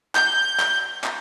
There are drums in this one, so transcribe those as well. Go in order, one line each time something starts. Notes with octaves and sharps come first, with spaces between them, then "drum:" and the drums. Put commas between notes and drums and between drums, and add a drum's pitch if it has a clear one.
G6, drum: clap
drum: clap
drum: clap